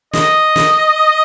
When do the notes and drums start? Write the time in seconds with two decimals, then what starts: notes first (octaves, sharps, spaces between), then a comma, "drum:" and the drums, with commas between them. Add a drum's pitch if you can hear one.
0.13 D#5, drum: snare
0.56 drum: snare